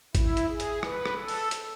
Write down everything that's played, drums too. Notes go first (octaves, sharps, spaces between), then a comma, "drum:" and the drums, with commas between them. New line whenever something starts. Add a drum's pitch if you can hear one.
E4, drum: kick A1, hi-hat
drum: hi-hat
G#4
drum: hi-hat
B4, drum: rim click
drum: rim click
A4
drum: open hi-hat
drum: hi-hat